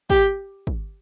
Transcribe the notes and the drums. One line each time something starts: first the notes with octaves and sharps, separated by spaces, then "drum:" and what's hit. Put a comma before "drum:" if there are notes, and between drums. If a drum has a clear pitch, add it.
G4, drum: kick
drum: kick